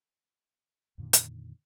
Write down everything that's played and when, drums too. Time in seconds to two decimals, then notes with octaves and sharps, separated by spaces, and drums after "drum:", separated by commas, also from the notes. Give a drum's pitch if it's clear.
0.98 F2 A#2 D3 D#3
1.13 drum: hi-hat